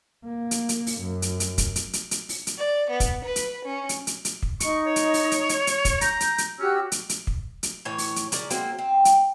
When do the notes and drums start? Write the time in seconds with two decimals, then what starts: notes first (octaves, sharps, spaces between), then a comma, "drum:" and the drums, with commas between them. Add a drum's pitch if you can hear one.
0.25 A#3
0.51 drum: hi-hat
0.69 drum: hi-hat
0.87 drum: open hi-hat
1.01 F#2
1.22 drum: hi-hat
1.40 drum: hi-hat
1.58 drum: kick, hi-hat
1.76 drum: hi-hat
1.93 drum: hi-hat
2.11 drum: hi-hat
2.29 drum: open hi-hat
2.47 drum: hi-hat
2.57 D5
2.90 B3
3.00 drum: kick, hi-hat
3.24 B4
3.36 drum: hi-hat
3.65 C#4
3.89 drum: hi-hat
4.07 drum: hi-hat
4.25 drum: hi-hat
4.42 drum: kick
4.60 D#4 C#6, drum: hi-hat
4.86 C#5
4.96 drum: hi-hat
5.14 drum: open hi-hat
5.31 drum: hi-hat
5.49 drum: hi-hat
5.67 drum: hi-hat
5.85 drum: kick, hi-hat
6.01 A#5 G6, drum: hi-hat
6.20 drum: hi-hat
6.38 drum: hi-hat
6.59 C#4 F#4 G4 E6
6.92 drum: hi-hat
7.09 drum: hi-hat
7.27 drum: kick
7.63 drum: hi-hat
7.85 A2 E3 C#5
7.98 drum: open hi-hat
8.16 drum: hi-hat
8.32 C#3 A#4 D5, drum: hi-hat
8.50 F#3 G#3 A#3 C4, drum: hi-hat
8.79 C4
9.05 drum: hi-hat